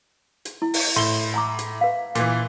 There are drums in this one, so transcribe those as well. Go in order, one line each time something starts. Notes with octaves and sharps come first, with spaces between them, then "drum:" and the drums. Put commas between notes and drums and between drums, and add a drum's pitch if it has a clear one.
drum: hi-hat
E4
drum: open hi-hat
A2 C6 G7
G#5 A#5 D6
drum: hi-hat
B4 F5
A#2 E3, drum: hi-hat